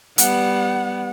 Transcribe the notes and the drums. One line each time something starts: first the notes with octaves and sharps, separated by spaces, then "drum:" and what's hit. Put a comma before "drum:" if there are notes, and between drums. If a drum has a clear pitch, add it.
G3 B3 F#5, drum: hi-hat